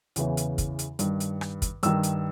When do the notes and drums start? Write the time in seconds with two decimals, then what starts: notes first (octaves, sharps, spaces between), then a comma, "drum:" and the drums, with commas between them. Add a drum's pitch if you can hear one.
0.16 E2 C#3 E3, drum: hi-hat
0.37 drum: hi-hat
0.58 drum: kick, hi-hat
0.79 drum: hi-hat
0.99 G2 D#3, drum: hi-hat
1.20 drum: hi-hat
1.41 drum: rim click
1.62 drum: kick, hi-hat
1.83 G2 D#3 E6, drum: hi-hat
2.03 drum: hi-hat